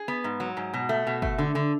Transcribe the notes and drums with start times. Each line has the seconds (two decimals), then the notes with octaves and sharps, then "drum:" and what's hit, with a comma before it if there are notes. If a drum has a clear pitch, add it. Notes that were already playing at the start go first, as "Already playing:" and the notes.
Already playing: G#4
0.08 B3
0.24 G#2
0.40 F#3
0.57 G#2
0.74 B2
0.89 A3
1.07 B2
1.22 A3, drum: kick
1.38 D3
1.55 D3